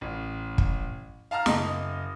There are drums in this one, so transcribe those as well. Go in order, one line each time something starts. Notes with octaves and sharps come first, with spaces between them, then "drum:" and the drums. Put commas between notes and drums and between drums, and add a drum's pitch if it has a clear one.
A1
drum: kick
F5 A5 A#5 F6
F#1 D#5, drum: snare